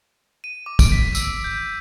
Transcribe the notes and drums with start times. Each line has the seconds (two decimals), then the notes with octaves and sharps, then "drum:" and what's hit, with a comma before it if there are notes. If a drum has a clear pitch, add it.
0.44 D#7
0.66 D6
0.79 D7, drum: kick, tambourine
0.92 B6
1.15 E6, drum: tambourine
1.44 G6